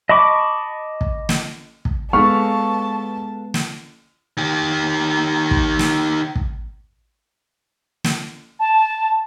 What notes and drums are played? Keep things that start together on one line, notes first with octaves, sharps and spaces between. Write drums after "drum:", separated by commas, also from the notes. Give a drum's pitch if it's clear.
D#5 A5 B5 C#6 D6
drum: kick
drum: snare
drum: kick
G#3 B3 G#4 A4 B4 F5 A5 C#6
drum: snare
D#3 G4
drum: kick
drum: snare
drum: kick
drum: snare
A5